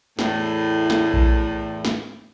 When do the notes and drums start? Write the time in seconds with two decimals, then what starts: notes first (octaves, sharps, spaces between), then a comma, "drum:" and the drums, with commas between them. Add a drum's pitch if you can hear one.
0.19 E2 A2, drum: snare
0.90 drum: snare
1.13 drum: kick A#1
1.85 drum: snare